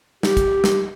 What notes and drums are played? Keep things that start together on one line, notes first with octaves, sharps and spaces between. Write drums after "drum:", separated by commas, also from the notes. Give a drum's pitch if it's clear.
G4, drum: snare
drum: kick, hi-hat
drum: snare